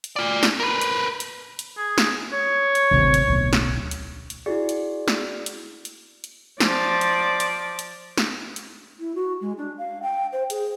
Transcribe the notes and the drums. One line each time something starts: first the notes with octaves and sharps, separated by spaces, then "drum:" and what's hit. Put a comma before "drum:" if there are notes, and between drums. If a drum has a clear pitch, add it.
drum: hi-hat
F4 D5
drum: snare
A#4 B4
drum: hi-hat
drum: hi-hat
drum: hi-hat
G#4
drum: snare
C#5
drum: hi-hat
D1 G#1 C3
drum: hi-hat
D1 B1
drum: snare
drum: hi-hat
drum: hi-hat
E4 F#4 G#4 D5
drum: hi-hat
drum: snare
drum: hi-hat
drum: hi-hat
drum: hi-hat
F3 D5, drum: snare
drum: hi-hat
drum: hi-hat
drum: hi-hat
drum: snare
drum: hi-hat
E4
F#4
G#3
D4
F5
G5
C5
G#4, drum: hi-hat